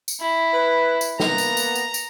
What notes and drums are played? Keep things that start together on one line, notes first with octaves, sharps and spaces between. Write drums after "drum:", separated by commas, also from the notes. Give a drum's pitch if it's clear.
drum: tambourine
E4
B4
drum: tambourine
A#3 B3 A#5, drum: snare
drum: tambourine
drum: tambourine
drum: tambourine
drum: tambourine